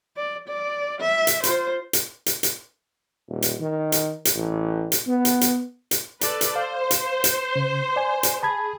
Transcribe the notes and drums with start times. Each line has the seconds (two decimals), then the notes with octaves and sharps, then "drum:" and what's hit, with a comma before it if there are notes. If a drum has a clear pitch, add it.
0.16 D5
0.48 D5
1.01 E5
1.27 drum: hi-hat
1.44 F4 C5, drum: hi-hat
1.93 drum: hi-hat
2.26 drum: hi-hat
2.43 drum: hi-hat
3.29 D#1
3.42 drum: hi-hat
3.60 D#3
3.92 drum: hi-hat
4.25 drum: hi-hat
4.35 A1
4.92 drum: hi-hat
5.07 B3
5.25 drum: hi-hat
5.41 drum: hi-hat
5.91 drum: hi-hat
6.21 A4 B4 D5, drum: hi-hat
6.41 drum: hi-hat
6.56 C5 F5
6.91 drum: hi-hat
7.24 drum: hi-hat
7.56 C#3
7.96 D5 G#5
8.23 drum: hi-hat
8.43 G#4 A5 B5 G#6